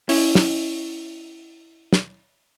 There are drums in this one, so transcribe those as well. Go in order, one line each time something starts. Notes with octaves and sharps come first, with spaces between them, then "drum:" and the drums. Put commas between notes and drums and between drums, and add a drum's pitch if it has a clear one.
C#4 E4, drum: open hi-hat
drum: snare
drum: snare